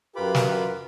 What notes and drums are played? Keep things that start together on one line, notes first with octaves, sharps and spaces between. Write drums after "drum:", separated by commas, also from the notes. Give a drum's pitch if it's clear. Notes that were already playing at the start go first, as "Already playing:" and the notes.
F#2 F4 G4 A#4 B4 B5 D6
drum: snare